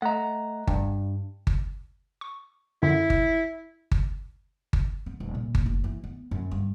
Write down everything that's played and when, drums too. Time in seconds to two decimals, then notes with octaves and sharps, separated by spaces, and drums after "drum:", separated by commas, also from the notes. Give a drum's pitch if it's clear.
0.02 A3 D#5 F#5 A#5
0.67 G2, drum: kick G1
1.47 drum: kick G1
2.21 C#6
2.83 F#2 D3 E4
3.10 drum: kick G1
3.91 drum: kick G1
4.73 drum: kick G1
5.06 C4
5.20 D#1
5.35 A#2
5.55 drum: kick G1
5.66 F#1
5.84 E3
6.04 B3
6.31 F#2
6.51 G2